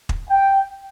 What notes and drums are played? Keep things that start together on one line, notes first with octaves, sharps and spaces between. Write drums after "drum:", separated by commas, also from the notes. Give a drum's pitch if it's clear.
drum: kick
G5